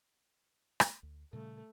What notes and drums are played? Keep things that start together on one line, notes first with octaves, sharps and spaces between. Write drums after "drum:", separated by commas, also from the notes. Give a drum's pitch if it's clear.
drum: rim click
D2
A#2 C#3 G3 A3